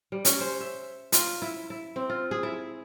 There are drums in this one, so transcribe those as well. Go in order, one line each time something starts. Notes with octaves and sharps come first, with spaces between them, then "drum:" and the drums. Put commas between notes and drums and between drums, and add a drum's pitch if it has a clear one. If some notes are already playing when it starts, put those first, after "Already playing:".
G3
C#4, drum: hi-hat
C5
E5
F4, drum: hi-hat
E4
E4
C4
F4
G#4
E4